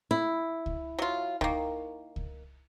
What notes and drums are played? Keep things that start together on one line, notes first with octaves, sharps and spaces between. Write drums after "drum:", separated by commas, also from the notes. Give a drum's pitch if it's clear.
E4
drum: kick C#2
F#3 F4
D#3 A#3, drum: kick C#2
drum: kick C#2